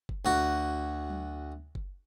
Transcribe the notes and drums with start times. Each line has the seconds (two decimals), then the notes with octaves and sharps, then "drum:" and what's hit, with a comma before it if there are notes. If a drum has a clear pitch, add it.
0.09 drum: kick F#1
0.25 D2 F#4
1.10 drum: tom F#3
1.75 drum: kick F#1